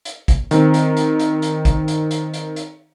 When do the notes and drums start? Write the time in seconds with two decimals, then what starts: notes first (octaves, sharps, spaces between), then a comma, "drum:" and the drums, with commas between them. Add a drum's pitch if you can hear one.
0.05 drum: hi-hat
0.28 drum: kick, hi-hat
0.51 D#3 C4, drum: hi-hat
0.74 drum: hi-hat
0.97 drum: hi-hat
1.19 drum: hi-hat
1.42 drum: hi-hat
1.65 drum: kick, hi-hat
1.88 drum: hi-hat
2.11 drum: hi-hat
2.34 drum: hi-hat
2.56 drum: hi-hat